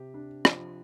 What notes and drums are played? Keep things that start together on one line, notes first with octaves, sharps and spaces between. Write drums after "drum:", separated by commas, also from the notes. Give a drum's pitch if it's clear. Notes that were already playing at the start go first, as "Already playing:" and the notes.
Already playing: C3 G4
D4
F3, drum: rim click